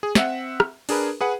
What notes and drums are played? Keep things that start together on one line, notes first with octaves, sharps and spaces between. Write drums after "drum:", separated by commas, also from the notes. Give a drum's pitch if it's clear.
G#4
C4 E5 F#5, drum: snare
drum: rim click
D4 G#4 A#4 B4, drum: open hi-hat
G#4 B4 F#5